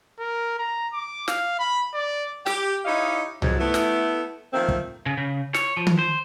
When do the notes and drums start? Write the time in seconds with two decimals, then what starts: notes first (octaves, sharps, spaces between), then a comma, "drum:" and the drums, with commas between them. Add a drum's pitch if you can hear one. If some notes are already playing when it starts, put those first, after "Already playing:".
0.19 A#4
0.58 A#5
0.93 D6
1.28 F5, drum: snare
1.59 B5
1.94 D5
2.46 G4, drum: snare
2.85 D#4 E4 G4 C#5 D#5 F5
3.42 F2 G#2 F#3, drum: tom C2
3.58 A3 B3 E4
3.74 drum: snare
4.53 D#3 F3 A3 A#3 C4
4.69 drum: kick
5.06 C#3
5.18 C#3
5.54 C#5, drum: snare
5.77 F3
5.87 drum: tom D#3
5.99 C5